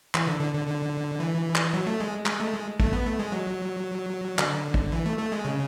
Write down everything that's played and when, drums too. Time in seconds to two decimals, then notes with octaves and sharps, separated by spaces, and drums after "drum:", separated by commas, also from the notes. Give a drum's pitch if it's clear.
0.14 E3, drum: clap
0.27 D3
0.40 D3
0.54 D3
0.67 D3
1.20 E3
1.55 drum: clap
1.73 F#3
1.87 A3
2.00 G#3
2.26 G#3, drum: clap
2.40 A3
2.53 G#3
2.80 A3, drum: kick
2.93 B3
3.06 A3
3.19 G#3
3.32 F#3
4.38 D3, drum: clap
4.74 drum: kick
4.92 E3
5.06 A3
5.19 A3
5.32 G#3
5.45 C#3